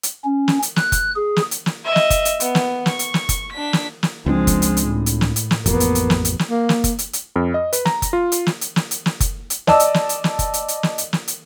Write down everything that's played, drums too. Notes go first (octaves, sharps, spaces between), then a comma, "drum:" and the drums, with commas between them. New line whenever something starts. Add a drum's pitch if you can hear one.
drum: hi-hat
C#4
drum: snare
drum: hi-hat
F#6, drum: snare
drum: kick F#1, hi-hat
G#4
drum: snare
drum: hi-hat
drum: snare
D#5 E5
drum: snare
drum: kick F#1, hi-hat
drum: hi-hat
B3, drum: hi-hat
drum: snare
C#6, drum: snare
drum: hi-hat
drum: snare
drum: kick F#1, hi-hat
D4 B6
drum: snare
drum: snare
C#2 F3 G#3 C4 D4
drum: kick F#1, hi-hat
drum: hi-hat
drum: hi-hat
A2
drum: hi-hat
drum: snare
drum: hi-hat
drum: snare
A1 F2 A#3 B3, drum: kick F#1, hi-hat
drum: hi-hat
drum: hi-hat
drum: snare
drum: hi-hat
drum: snare
A#3
drum: snare
drum: kick F#1, hi-hat
drum: hi-hat
drum: hi-hat
F2
D#5
B4, drum: hi-hat
A#5, drum: snare
drum: kick F#1, hi-hat
F4
drum: hi-hat
drum: snare
drum: hi-hat
drum: snare
drum: hi-hat
drum: snare
drum: kick F#1, hi-hat
drum: hi-hat
D5 D#5 A5 E6, drum: snare
drum: hi-hat
drum: snare
drum: hi-hat
drum: snare
drum: kick F#1, hi-hat
drum: hi-hat
drum: hi-hat
drum: snare
drum: hi-hat
drum: snare
drum: hi-hat